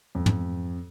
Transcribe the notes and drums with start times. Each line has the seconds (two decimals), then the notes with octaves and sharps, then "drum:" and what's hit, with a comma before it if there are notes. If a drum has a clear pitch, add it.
0.15 F2
0.26 drum: tom